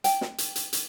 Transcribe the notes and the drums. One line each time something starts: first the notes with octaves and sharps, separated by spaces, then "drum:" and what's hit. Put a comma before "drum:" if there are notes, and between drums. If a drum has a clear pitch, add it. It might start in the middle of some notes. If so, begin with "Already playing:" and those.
G5, drum: hi-hat
drum: snare
drum: hi-hat
drum: hi-hat
drum: hi-hat